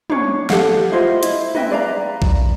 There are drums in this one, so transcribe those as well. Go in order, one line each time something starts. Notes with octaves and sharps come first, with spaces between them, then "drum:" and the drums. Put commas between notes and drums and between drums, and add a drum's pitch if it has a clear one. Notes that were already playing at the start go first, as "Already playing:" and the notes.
D4 C#5, drum: tom
G4 A4 F5 F#5, drum: snare
E4 F4 C5 D#5
E4, drum: hi-hat
B4 D#5 E5 G5, drum: tom
B4 D5 F5 A#5
drum: kick A#1